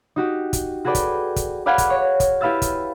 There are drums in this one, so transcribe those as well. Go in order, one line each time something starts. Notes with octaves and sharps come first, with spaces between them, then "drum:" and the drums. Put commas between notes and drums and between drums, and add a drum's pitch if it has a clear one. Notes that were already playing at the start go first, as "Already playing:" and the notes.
D#4 F#4 G4
drum: kick, hi-hat
F#4 G#4 A4 B4 D5 G5
drum: kick, hi-hat
drum: kick, hi-hat
B4 D5 F5 F#5 G#5 B5
drum: kick, hi-hat
C#5
drum: kick, hi-hat
E4 G4 B4 F5 E6 A6
drum: kick, hi-hat